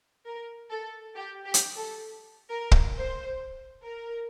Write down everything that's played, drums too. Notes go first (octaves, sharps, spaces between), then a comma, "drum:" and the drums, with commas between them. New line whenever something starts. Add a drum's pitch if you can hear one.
A#4
A4
G4
G4
drum: hi-hat
A4
A#4
drum: kick
C5
A#4